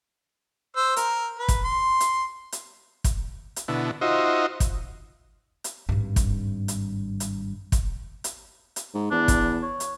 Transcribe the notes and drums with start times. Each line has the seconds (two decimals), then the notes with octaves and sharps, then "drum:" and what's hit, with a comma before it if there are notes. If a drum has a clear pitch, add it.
0.76 C5 E6
0.96 A#4, drum: hi-hat
1.39 B4
1.48 drum: kick, hi-hat
1.64 C6
2.00 drum: hi-hat
2.52 drum: hi-hat
3.04 drum: kick, hi-hat
3.56 drum: hi-hat
3.68 B2 D3 E4
4.01 D#4 F4 F#4 C5 D#5 E5
4.60 drum: kick, hi-hat
5.64 drum: hi-hat
5.89 G#1 G2
6.16 drum: kick, hi-hat
6.68 drum: hi-hat
7.20 drum: hi-hat
7.72 drum: kick, hi-hat
8.24 drum: hi-hat
8.76 drum: hi-hat
8.94 G#2
9.11 E2 D4
9.28 drum: kick, hi-hat
9.63 C#5
9.80 drum: hi-hat